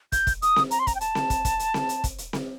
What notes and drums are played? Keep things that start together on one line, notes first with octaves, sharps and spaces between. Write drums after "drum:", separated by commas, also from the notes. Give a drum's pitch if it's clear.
G6, drum: kick, hi-hat
drum: kick, hi-hat
D#6, drum: hi-hat
drum: snare C4
A#5, drum: hi-hat
C6
A#5, drum: kick, hi-hat
G5
A5, drum: hi-hat
drum: snare C4
drum: kick, hi-hat
drum: kick, hi-hat
drum: hi-hat
drum: snare C4
drum: hi-hat
drum: kick, hi-hat
drum: hi-hat
drum: snare C4